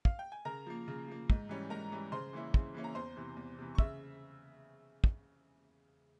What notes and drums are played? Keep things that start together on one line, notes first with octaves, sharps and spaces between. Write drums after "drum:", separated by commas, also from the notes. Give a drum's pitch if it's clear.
F5, drum: kick
G5
G#5
C#3 A#4 A#5
F3 A#3
C#3
F3 A#3
G#2, drum: kick
E3 G3 C#4
G#2 A#4 A#5
E3 G3 C#4
C#3 C5 C6
E3 A#3 C#4 E4
C#3, drum: kick
E3 A#3 C#4 E4
A#5
E2 C5 C6
C3 E3
E2
C3 E3
C#6
C#3 E5 E6, drum: kick
drum: kick